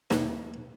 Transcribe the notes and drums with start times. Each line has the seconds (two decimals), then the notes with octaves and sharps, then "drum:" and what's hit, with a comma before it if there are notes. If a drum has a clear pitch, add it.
0.11 D#2, drum: snare